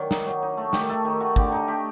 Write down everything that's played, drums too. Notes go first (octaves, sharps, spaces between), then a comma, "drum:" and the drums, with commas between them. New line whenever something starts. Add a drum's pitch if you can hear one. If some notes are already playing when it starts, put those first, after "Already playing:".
Already playing: D#3 F#3 D5
D#4, drum: snare
F#3
D#4
A3
D#3 G4, drum: snare
A3 A4
D#3 D#4
A3 F#4
D3 G4, drum: kick
D#4
A3 G4